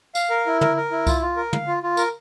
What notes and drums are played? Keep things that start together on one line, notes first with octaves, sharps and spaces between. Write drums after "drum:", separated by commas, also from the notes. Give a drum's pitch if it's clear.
F5, drum: tambourine
A#4
E4
A#4, drum: tom
A#4
E4
F4, drum: kick C2, tambourine
F4
A#4
F5, drum: tom
F4
F4
A#4, drum: tambourine